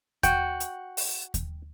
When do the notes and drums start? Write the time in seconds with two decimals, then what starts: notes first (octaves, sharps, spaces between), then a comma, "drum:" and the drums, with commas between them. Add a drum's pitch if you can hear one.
0.23 F#4 G5, drum: kick D#2, hi-hat
0.60 drum: hi-hat
0.97 drum: open hi-hat
1.34 drum: kick D#2, hi-hat